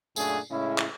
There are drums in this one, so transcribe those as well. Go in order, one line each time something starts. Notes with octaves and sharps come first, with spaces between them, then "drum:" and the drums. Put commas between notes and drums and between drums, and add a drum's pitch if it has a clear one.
F#2 A#2 A3 D4 F#4 G#4, drum: tambourine
A2 C#3 G#3 C#4 E4
drum: clap